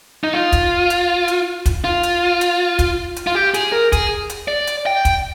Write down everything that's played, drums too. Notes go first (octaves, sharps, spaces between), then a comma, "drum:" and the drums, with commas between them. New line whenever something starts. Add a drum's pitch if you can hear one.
D#4
F4
drum: kick, hi-hat
drum: hi-hat
drum: hi-hat
drum: kick, hi-hat
F4
drum: hi-hat
drum: hi-hat
drum: kick, hi-hat
drum: hi-hat
F4
G4
G#4, drum: hi-hat
A#4
G#4, drum: kick, hi-hat
drum: hi-hat
D5
drum: hi-hat
G5
drum: kick, hi-hat